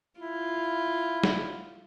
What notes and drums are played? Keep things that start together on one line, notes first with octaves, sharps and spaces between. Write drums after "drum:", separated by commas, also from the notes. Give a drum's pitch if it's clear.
E4 F4
drum: snare